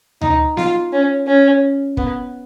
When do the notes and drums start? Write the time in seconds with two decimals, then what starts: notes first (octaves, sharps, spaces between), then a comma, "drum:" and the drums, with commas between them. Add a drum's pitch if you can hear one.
0.21 D#4, drum: tom D2
0.57 F4, drum: snare B3
0.92 C#4
1.27 C#4
1.97 B3, drum: kick